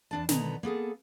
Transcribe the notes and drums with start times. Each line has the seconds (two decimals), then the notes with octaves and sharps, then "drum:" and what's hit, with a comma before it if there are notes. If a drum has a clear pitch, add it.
0.11 E2 D4 A5
0.29 B2 D3 D#3 B3 A#5, drum: snare
0.63 A#3 B3 G#4 A4